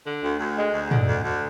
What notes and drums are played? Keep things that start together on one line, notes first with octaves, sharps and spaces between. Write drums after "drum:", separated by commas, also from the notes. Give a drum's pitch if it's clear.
D3
D2
D2
G#3
D2
D3, drum: tom
D2
D2